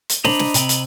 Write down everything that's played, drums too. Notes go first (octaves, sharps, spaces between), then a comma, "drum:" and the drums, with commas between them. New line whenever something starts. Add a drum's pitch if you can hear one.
drum: hi-hat
D4 C5 D#5 A#5 B5, drum: snare
drum: snare
C3 G5, drum: hi-hat
drum: hi-hat